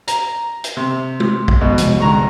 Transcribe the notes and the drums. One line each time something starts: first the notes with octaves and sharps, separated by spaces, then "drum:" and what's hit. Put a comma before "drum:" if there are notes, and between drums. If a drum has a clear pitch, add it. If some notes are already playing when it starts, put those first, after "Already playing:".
A#5, drum: hi-hat
drum: hi-hat
C3
drum: tom
drum: kick
F2 B2 G#3 B3
C3 F3 G#3, drum: hi-hat
C2 G2 D3 G#3 A#5 C#6